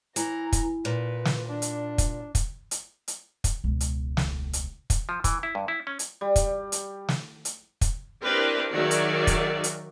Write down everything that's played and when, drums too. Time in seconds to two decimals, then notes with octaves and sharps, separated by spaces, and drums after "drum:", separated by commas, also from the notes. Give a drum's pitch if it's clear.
0.16 E3 A#5, drum: hi-hat
0.52 drum: kick, hi-hat
0.85 A#2 B4
1.25 drum: snare
1.48 D4
1.62 drum: hi-hat
1.98 drum: kick, hi-hat
2.35 drum: kick, hi-hat
2.71 drum: hi-hat
3.08 drum: hi-hat
3.44 drum: kick, hi-hat
3.64 E1 C#2
3.81 drum: hi-hat
4.17 drum: snare
4.53 drum: hi-hat
4.90 drum: kick, hi-hat
5.09 F3
5.24 E3, drum: kick, hi-hat
5.43 E4
5.55 G2
5.68 E4
5.87 C#4
5.99 drum: hi-hat
6.21 G3
6.36 drum: kick, hi-hat
6.72 drum: hi-hat
7.09 drum: snare
7.45 drum: hi-hat
7.81 drum: kick, hi-hat
8.24 C4 D4 E4 G4 A#4 B4
8.73 D#3 F#3 F#4 G#4 D5 E5
8.91 drum: hi-hat
9.27 drum: kick, hi-hat
9.64 drum: hi-hat